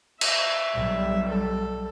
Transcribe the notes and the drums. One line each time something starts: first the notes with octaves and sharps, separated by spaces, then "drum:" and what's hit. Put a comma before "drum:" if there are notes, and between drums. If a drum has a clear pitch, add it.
E5, drum: cymbal
B1 G3
A4